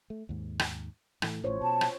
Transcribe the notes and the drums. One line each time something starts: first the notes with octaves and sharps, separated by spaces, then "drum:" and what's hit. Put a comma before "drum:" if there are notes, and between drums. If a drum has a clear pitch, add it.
A3
D#2 G#2
drum: rim click
A2 E3 A3, drum: rim click
A1 A2 F4 C5 C#5
B2 A5
drum: rim click